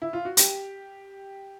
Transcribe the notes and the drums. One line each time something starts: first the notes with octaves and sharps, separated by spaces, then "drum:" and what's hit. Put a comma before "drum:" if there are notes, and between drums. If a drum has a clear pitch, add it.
E4
F4
F#4
G4, drum: hi-hat